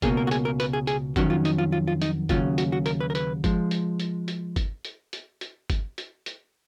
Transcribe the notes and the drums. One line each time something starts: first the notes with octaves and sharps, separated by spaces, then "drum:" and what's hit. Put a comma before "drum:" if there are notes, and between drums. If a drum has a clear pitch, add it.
C#2 B2 A#3 C#4 G#4, drum: kick G1, hi-hat
A#4
F#4
G#4, drum: hi-hat
A#4
B4, drum: hi-hat
G#4
G#4, drum: hi-hat
F2 D#3 F#3 C#4 F#4, drum: kick G1, hi-hat
F4
D#4, drum: hi-hat
F4
F4
F4
D#4, drum: hi-hat
D#2 C#3 F#3 C#4 F4, drum: kick G1, hi-hat
F#4, drum: hi-hat
F#4
A#4, drum: hi-hat
B4
A#4
B4, drum: hi-hat
F3 G#3, drum: kick G1, hi-hat
drum: hi-hat
drum: hi-hat
drum: hi-hat
drum: kick G1, hi-hat
drum: hi-hat
drum: hi-hat
drum: hi-hat
drum: kick G1, hi-hat
drum: hi-hat
drum: hi-hat